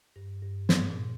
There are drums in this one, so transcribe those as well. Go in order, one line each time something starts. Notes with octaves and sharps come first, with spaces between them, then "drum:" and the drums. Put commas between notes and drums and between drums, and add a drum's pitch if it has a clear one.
G2
G2
G#2, drum: snare
A#2